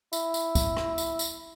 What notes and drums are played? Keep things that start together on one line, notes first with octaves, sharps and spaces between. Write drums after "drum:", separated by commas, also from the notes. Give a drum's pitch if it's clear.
E4, drum: tambourine
drum: tambourine
drum: kick, tambourine
drum: rim click
drum: tambourine
drum: tambourine